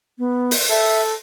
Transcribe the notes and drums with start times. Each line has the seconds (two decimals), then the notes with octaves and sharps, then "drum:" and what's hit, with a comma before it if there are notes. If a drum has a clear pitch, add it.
0.19 B3
0.51 drum: open hi-hat
0.70 A4 E5